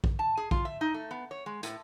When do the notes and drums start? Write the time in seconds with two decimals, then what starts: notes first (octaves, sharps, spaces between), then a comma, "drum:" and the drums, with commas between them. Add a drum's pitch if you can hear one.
0.04 drum: kick
0.19 A5
0.37 G#4
0.51 F4, drum: kick
0.65 E5
0.81 D#4
0.94 A3
1.11 B3
1.31 C#5
1.46 G#3
1.63 A2, drum: hi-hat